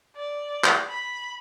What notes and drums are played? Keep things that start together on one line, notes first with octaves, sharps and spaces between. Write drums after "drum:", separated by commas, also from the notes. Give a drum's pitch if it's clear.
D5
drum: clap
B5